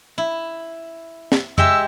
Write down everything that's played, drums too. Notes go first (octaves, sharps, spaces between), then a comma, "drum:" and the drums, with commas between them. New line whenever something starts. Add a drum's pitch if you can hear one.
E4
drum: snare
G#3 G4 E5 E6, drum: tom F2